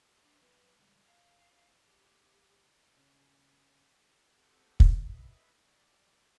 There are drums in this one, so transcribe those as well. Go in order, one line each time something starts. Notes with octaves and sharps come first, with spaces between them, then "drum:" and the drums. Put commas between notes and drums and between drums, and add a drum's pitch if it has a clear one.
D4 C5
F#3 B4
C#2 G2
F5
G4
C#3
C4 G4 A4 F#5 G5
drum: kick
B4 D#5 E5 B5
D5